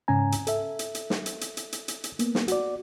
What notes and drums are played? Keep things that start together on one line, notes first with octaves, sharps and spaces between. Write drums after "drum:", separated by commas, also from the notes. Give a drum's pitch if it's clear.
G#2 C#3 C#4 G#5 A#5
drum: hi-hat
A4 E5, drum: hi-hat
drum: hi-hat
drum: hi-hat
drum: snare
drum: hi-hat
drum: hi-hat
drum: hi-hat
drum: hi-hat
drum: hi-hat
drum: hi-hat
A#3 B3, drum: hi-hat
drum: snare
F#4 D5, drum: hi-hat